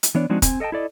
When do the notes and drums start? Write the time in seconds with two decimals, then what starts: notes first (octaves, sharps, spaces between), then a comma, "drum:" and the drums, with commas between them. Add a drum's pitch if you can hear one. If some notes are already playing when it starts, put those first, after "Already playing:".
0.03 drum: hi-hat
0.15 E3 B3 D4 C#5 D5
0.30 F3 G#3 C4 D4 D#4 F#4
0.42 C4 G#5, drum: kick, hi-hat
0.60 A4 D#5 F#5 G5 A5
0.72 E4 A4 D5 D#5